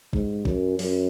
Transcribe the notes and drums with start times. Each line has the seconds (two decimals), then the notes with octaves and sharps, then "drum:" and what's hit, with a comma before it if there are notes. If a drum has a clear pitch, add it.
0.13 G#2, drum: kick
0.45 F#2, drum: kick
0.79 F#2, drum: open hi-hat